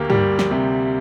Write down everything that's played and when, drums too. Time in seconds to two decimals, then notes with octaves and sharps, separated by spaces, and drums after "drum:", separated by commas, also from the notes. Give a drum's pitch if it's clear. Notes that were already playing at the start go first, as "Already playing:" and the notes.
Already playing: D2 A#3 G4
0.10 G3, drum: tom G2
0.39 drum: snare
0.51 C3